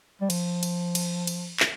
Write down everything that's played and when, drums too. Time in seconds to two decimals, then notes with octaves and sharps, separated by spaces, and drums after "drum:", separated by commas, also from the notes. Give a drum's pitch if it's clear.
0.21 G3
0.30 F3, drum: cymbal
0.63 drum: cymbal
0.95 drum: cymbal
1.27 drum: cymbal
1.60 drum: clap